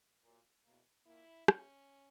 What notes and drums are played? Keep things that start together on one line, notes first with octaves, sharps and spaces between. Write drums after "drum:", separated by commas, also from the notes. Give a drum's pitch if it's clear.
A#2 F#3 A#3
E2 B2 A#3
A#2 A#3 E4
G2 E3 A#3 C#4, drum: rim click